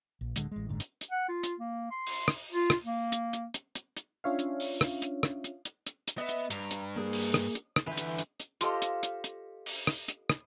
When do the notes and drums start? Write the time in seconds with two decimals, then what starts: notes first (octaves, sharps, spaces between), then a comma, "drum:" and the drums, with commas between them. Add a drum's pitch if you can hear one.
0.21 A#1
0.36 D1 D3 G#3, drum: hi-hat
0.52 A1 G#3
0.69 F#1 G#2 D3
0.80 drum: hi-hat
1.01 drum: hi-hat
1.11 F#5
1.29 F4
1.43 drum: hi-hat
1.60 A#3
1.91 C6
2.07 drum: open hi-hat
2.28 drum: rim click
2.52 F4
2.70 drum: rim click
2.85 A#3
3.12 drum: hi-hat
3.33 drum: hi-hat
3.54 drum: hi-hat
3.75 drum: hi-hat
3.97 drum: hi-hat
4.24 C#4 D4 F4 C#5 E5 F5
4.39 drum: hi-hat
4.60 drum: open hi-hat
4.81 drum: rim click
5.02 drum: hi-hat
5.23 drum: rim click
5.44 drum: hi-hat
5.65 drum: hi-hat
5.86 drum: hi-hat
6.08 drum: hi-hat
6.18 B3 D#5 E5
6.29 drum: hi-hat
6.50 G2 A#5, drum: hi-hat
6.71 drum: hi-hat
6.96 A#3 G#4 A#4
7.13 drum: open hi-hat
7.34 drum: rim click
7.55 drum: hi-hat
7.76 drum: rim click
7.87 D3 E3 B4 G6
7.97 drum: hi-hat
8.19 drum: hi-hat
8.40 drum: hi-hat
8.61 F4 G4 A4 C5 D#5 F5, drum: hi-hat
8.82 drum: hi-hat
9.03 drum: hi-hat
9.24 drum: hi-hat
9.66 drum: open hi-hat
9.87 drum: rim click
10.08 drum: hi-hat
10.30 drum: rim click